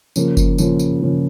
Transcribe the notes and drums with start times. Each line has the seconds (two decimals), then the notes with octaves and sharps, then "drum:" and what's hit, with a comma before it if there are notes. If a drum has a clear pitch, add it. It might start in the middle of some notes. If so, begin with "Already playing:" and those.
0.16 C#3 F3 A#3, drum: tambourine
0.37 drum: kick F#1, tambourine
0.58 C#3 F3 A#3, drum: tambourine
0.79 drum: tambourine
1.01 C#3 F3 A#3